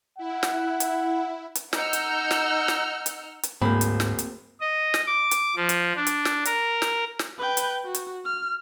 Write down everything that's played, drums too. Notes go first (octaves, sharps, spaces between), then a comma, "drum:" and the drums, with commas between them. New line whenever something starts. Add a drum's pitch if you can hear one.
E4 F#5
drum: snare
drum: hi-hat
drum: hi-hat
D#4 F#5 E6 F6 G6 C#7, drum: snare
drum: hi-hat
drum: snare
drum: snare
drum: hi-hat
drum: hi-hat
D1 G#2 A#3 C4 B5
drum: hi-hat
drum: snare
drum: hi-hat
D#5
drum: snare
D6
drum: hi-hat
F3
drum: hi-hat
D4
drum: hi-hat
drum: snare
A#4, drum: hi-hat
drum: snare
drum: snare
B4 G5
drum: hi-hat
F#4
drum: hi-hat
F6